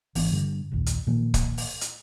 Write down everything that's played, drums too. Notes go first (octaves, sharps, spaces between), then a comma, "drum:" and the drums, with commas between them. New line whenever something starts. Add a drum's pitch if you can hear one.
G#1 E3 B3 D4, drum: open hi-hat
G2 D3
F1 A#1 D#2
drum: hi-hat
A#2 D#3 F3 A#3
drum: kick, hi-hat
drum: open hi-hat
drum: hi-hat